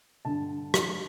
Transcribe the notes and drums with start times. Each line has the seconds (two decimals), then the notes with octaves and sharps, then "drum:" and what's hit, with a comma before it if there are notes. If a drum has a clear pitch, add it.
0.25 G2 D3 A5
0.74 drum: rim click